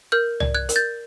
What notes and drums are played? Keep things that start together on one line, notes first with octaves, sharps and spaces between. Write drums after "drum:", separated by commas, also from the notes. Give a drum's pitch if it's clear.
A#4 F6 G6
D5, drum: tom C2
F#6 G#6
A#4, drum: hi-hat
G6 A6